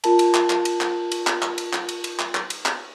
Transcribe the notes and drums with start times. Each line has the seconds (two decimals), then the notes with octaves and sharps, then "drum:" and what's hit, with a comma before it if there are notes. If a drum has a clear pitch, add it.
0.04 F4 A#4 A5, drum: cymbal
0.19 drum: cymbal
0.34 drum: clap
0.50 drum: clap
0.65 drum: cymbal
0.81 drum: clap
1.12 drum: cymbal
1.27 drum: clap
1.42 drum: clap
1.58 drum: cymbal
1.73 drum: clap
1.89 drum: cymbal
2.04 drum: cymbal
2.19 drum: clap
2.35 drum: clap
2.50 drum: cymbal
2.66 drum: clap